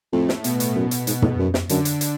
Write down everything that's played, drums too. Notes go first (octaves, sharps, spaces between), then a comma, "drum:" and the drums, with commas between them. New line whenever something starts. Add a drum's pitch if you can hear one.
F2 A2 A3
drum: snare
B2 B3, drum: hi-hat
drum: hi-hat
F#2
drum: hi-hat
G#2, drum: hi-hat
A2, drum: tom
F#2
drum: snare
F#2 D3 D4, drum: hi-hat
drum: hi-hat
drum: hi-hat